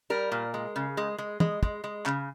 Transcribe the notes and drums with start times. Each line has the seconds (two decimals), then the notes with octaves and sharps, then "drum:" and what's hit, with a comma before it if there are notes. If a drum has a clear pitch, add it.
0.10 G3 A#4
0.32 A#2
0.54 G#3
0.76 C#3
0.97 G#3
1.18 G#3
1.40 G#3, drum: tom
1.63 G#3, drum: kick
1.84 G#3
2.06 C#3, drum: clap